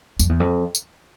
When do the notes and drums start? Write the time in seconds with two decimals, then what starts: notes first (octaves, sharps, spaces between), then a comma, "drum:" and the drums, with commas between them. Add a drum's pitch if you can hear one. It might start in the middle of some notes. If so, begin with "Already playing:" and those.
0.19 F2, drum: tambourine
0.29 E2
0.40 F2
0.75 drum: tambourine